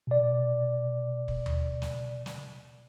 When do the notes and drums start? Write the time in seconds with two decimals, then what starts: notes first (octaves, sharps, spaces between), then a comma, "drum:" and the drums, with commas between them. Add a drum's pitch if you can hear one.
0.07 B2 D5
1.28 drum: kick
1.46 drum: tom D#2
1.82 drum: snare
2.26 drum: snare